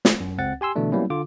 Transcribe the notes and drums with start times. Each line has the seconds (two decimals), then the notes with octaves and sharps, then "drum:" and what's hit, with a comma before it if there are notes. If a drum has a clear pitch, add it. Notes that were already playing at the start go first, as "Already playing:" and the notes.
0.05 drum: snare
0.20 F#2
0.38 C#2 C4 F#5 A6
0.61 G4 G#5 C6 E6
0.76 B2 D3 E3 A3 D4
0.92 F#3 G3 A#3 B3 C#4 E4
1.10 D3 F4 D6